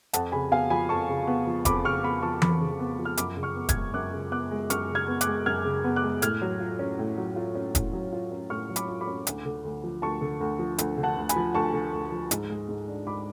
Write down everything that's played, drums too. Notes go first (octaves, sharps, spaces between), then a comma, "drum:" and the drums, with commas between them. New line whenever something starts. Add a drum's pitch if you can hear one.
F2 F#5 A5, drum: hi-hat
C#3 G#5 B5
B3 F5 G#5
F3 G#5 B5
F2 A5 C#6
C#3
B3
F3
F2 B5 D6, drum: kick E1, hi-hat
C#3 C#6 F6
B3 B5 D6
F3 A5 C#6
F2 B5 D6, drum: tom E3
C#3
B3
F3
F6
F#2 B5 D6, drum: hi-hat
C#3
C#6 F6
B3
F6 G#6, drum: kick E1, hi-hat
G#3
F#2 D6 F#6
C#3
B3 D6 F#6
G#3
F#2 C#6 F6, drum: hi-hat
C#3
F6 G#6
B3
D6 F#6, drum: hi-hat
G#3
F#2 F6 G#6
C#3
B3
D6 F#6
G#3
A2 F6 G#6, drum: hi-hat
F#3
F4
C#4
A2
F#3
F4
C#4
A2, drum: kick E1, hi-hat
F#3
F4
C#4
A2 C#6 F6
F#3
B5 D6, drum: hi-hat
F4
B5 D6
C#4
D2, drum: hi-hat
D3
D2
F3
D2 A5 C#6
D3
D2
F3
D2, drum: hi-hat
D3
F#5 A5
D2
G#5 B5, drum: hi-hat
F3
D2 A5 C#6
D3
D2
F3
G#2, drum: hi-hat
G#3
G#2
D4
G#2 B5 D6